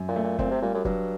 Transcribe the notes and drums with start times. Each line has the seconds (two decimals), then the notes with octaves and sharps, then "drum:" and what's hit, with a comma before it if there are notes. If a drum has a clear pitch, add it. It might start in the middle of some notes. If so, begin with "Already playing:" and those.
Already playing: F#2
0.08 A#2
0.16 A3
0.24 A#2
0.39 A#2 C4, drum: kick
0.51 C3
0.62 A#2 G3
0.74 F#2
0.85 G2 F#3, drum: kick